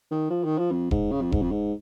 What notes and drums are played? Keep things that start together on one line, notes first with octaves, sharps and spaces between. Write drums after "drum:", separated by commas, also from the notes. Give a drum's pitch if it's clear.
D#3
F3
D#3
F3
F2
G#2, drum: kick E1
C#3
F2
G#2, drum: kick E1
F2
G#2